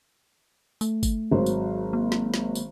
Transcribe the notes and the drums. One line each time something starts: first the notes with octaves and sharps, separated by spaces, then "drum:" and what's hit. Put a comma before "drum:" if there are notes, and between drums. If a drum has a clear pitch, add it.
A3, drum: tambourine
drum: kick G1, tambourine
G#1 F#3 C5
drum: tambourine
A#3
drum: snare
drum: snare
drum: tambourine